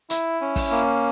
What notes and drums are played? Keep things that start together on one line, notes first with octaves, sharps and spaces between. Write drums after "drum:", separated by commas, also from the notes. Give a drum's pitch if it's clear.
E4, drum: hi-hat
C#4
drum: kick, open hi-hat
A#3